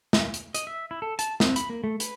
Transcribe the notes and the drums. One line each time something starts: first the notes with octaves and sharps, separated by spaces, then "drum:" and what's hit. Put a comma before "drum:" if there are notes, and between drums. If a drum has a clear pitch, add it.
drum: snare
drum: hi-hat
D#5, drum: hi-hat
E5
E4
A4
A5, drum: hi-hat
C4, drum: snare
B5, drum: hi-hat
A#3
A3
B4, drum: hi-hat